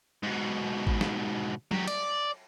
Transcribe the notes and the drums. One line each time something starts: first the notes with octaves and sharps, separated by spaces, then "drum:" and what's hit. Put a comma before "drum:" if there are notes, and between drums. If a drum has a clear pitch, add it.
G#2 B2
drum: kick G#1
drum: snare
F#3 G4, drum: tom F#3
D5, drum: cymbal